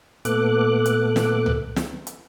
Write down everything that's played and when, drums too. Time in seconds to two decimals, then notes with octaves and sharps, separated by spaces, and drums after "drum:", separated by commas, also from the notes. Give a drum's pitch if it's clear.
0.25 A#2 A3 B3 A4 D6 F#6, drum: hi-hat
0.86 drum: hi-hat
1.16 drum: snare
1.46 drum: tom C#2
1.76 drum: snare
2.07 drum: hi-hat